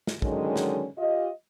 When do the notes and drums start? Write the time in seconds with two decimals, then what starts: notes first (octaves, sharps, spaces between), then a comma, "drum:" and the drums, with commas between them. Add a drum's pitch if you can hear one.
0.07 drum: snare
0.22 D3 D#3 F#3 G#3 C#4, drum: kick
0.56 drum: snare
0.98 F4 G4 D#5